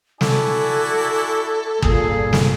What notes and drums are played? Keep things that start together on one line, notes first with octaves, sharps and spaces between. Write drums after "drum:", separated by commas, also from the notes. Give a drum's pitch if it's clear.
E4 F#4 A4 D5 G#5, drum: snare
G2 A#2 G#4, drum: kick
drum: snare